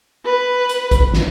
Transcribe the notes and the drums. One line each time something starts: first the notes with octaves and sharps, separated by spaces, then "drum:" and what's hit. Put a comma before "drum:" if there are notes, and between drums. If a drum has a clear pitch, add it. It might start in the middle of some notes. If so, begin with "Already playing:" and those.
B4
drum: hi-hat
drum: kick G#1, hi-hat
drum: snare